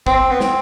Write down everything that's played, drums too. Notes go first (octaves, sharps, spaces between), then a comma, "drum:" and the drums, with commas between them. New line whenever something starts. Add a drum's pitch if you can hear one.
C4, drum: kick
B3
C4, drum: snare